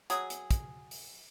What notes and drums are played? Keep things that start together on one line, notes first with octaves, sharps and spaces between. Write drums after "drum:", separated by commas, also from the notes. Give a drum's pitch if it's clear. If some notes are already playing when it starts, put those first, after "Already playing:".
F#3 G#4, drum: hi-hat
drum: hi-hat
drum: kick, hi-hat
drum: open hi-hat